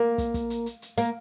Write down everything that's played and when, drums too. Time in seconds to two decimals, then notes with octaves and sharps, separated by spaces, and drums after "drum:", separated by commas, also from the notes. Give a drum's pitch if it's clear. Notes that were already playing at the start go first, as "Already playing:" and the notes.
Already playing: A#3
0.18 drum: kick, hi-hat
0.34 drum: kick, hi-hat
0.50 drum: hi-hat
0.66 drum: hi-hat
0.82 drum: hi-hat
0.98 A#3, drum: hi-hat